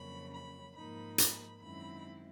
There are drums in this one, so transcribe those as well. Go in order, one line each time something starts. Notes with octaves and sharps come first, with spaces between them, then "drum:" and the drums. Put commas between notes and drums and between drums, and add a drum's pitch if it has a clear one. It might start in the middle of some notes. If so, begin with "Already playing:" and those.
Already playing: F2 C#3 F#3 A#3 C#4 B5
B5
G#2 F3 A#3 D#4 B5
B5, drum: hi-hat
F#2 D#3 G#3 C4 E4 B5